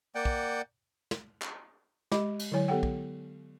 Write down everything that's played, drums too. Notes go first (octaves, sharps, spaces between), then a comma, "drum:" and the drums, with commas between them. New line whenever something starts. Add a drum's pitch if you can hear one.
A#3 D5 F#5 G5
drum: kick
drum: snare
drum: clap
G#3 G4 D#5 B5 D6, drum: snare
drum: cymbal
D3 F#3 E4 C#5 G#5
B3 G4 A4 F#5 G5
drum: kick